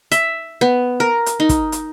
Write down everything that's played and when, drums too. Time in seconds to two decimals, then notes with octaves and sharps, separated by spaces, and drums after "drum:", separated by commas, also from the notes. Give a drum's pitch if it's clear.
0.12 E5, drum: hi-hat
0.61 B3
1.00 A#4
1.26 drum: hi-hat
1.40 D#4
1.49 drum: kick, hi-hat
1.72 drum: hi-hat